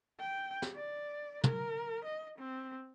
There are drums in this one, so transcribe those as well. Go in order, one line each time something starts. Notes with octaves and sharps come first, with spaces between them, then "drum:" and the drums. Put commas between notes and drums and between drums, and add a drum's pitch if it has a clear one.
G5
drum: snare
D5
A#4, drum: tom
D#5
C4